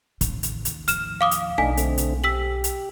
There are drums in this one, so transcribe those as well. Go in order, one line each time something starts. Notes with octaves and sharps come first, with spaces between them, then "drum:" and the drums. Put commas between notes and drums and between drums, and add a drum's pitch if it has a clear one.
A1 D#2 C#3, drum: kick, hi-hat
drum: hi-hat
drum: hi-hat
A2 F3 F6 E7, drum: hi-hat
F5 D6 D#6
drum: hi-hat
B1 A3 D4 D#4 G#5 B6
D3 A3 C4, drum: hi-hat
drum: hi-hat
G4 E6 B6 F#7
drum: hi-hat